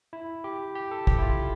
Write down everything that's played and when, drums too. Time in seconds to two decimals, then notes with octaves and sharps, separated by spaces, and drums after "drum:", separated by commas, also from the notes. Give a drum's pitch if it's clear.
0.13 E4
0.44 G4
0.75 G4
0.91 A4
1.07 G4, drum: kick
1.18 E4
1.22 F4